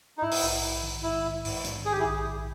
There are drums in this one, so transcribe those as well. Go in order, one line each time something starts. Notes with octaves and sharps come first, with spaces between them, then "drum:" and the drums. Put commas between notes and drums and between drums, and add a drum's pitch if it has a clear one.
D#4
G#2 E4
drum: open hi-hat
A#1
A#1
D#3
G#2 E4
G#2
G#2, drum: open hi-hat
D#3, drum: hi-hat
D#3 G#4
G4
E4 G#4
A#1
A#1